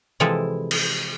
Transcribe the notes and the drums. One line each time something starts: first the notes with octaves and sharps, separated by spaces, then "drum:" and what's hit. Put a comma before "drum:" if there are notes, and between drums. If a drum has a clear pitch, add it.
C3 E3 F3 G#3 E4 A4
drum: cymbal